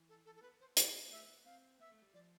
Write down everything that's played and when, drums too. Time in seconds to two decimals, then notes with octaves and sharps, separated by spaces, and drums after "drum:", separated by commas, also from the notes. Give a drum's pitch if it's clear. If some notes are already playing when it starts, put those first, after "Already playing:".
Already playing: E3
0.09 A4
0.26 A4
0.36 A4
0.42 B3 B4
0.60 C5
0.77 C4 D5, drum: hi-hat
0.94 B3
1.11 A3 E5
1.28 B3
1.45 C4 F5
1.79 B3 E5
1.91 A3
2.02 G3
2.14 F3 D5